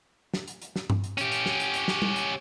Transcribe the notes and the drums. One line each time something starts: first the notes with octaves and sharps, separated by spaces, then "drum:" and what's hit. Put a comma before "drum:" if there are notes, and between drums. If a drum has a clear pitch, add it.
drum: snare
drum: hi-hat
drum: hi-hat
drum: snare
drum: tom G2
drum: hi-hat
C#4 G4, drum: hi-hat
drum: hi-hat
drum: snare
drum: hi-hat
drum: hi-hat
drum: snare
drum: tom G3
drum: hi-hat